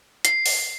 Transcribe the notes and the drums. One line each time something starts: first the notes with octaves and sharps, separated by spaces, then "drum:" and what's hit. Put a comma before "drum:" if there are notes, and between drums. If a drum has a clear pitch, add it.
C7, drum: hi-hat
drum: open hi-hat